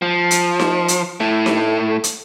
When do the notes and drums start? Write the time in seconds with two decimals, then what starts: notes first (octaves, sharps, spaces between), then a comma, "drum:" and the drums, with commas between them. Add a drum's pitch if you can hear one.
0.02 F3
0.31 drum: hi-hat
0.59 drum: snare D#4
0.88 drum: hi-hat
1.20 A2 A3
1.46 drum: snare D#4
2.04 drum: hi-hat